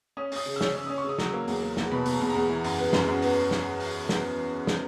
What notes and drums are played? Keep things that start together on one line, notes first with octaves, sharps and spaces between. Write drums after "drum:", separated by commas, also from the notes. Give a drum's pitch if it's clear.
C#4 D#6
C#4 D#6, drum: open hi-hat
C#3
E6
C#4, drum: snare
C#4 E6
C#4 D#6
C#6
C#3 D#6
F#3, drum: snare
A#3
E2, drum: open hi-hat
A#3
E2, drum: snare
B2 B5
B2, drum: open hi-hat
A#5
E2
E2 A#5
E3
F#2, drum: open hi-hat
B3
F#2, drum: snare
F#2
B3, drum: open hi-hat
drum: snare
drum: open hi-hat
drum: snare
drum: snare